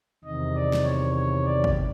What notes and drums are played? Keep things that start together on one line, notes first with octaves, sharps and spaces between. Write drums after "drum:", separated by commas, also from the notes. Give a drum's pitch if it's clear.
E2 C3 D#3 D#5
D5
drum: snare
C#5
C#5
D5
drum: kick